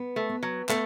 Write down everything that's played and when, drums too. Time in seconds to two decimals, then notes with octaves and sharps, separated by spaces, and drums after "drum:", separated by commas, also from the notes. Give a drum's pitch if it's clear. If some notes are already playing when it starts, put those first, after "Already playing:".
Already playing: B3
0.16 A3
0.29 B3
0.43 F#3
0.69 A3 B3, drum: clap